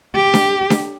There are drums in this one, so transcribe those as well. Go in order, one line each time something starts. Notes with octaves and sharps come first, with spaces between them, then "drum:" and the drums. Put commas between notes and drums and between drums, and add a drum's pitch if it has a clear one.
G4
drum: snare D4
drum: snare D4